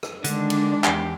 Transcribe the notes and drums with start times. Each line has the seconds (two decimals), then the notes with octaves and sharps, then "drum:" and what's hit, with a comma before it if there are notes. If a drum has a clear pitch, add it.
0.03 drum: rim click
0.24 D3 D#3 G#3 D4, drum: hi-hat
0.50 drum: cymbal
0.84 E2 G4, drum: clap